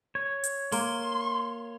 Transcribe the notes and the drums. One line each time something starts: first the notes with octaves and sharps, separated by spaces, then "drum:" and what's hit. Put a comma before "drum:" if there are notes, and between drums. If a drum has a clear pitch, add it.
C#5
drum: hi-hat
A#3 C6, drum: open hi-hat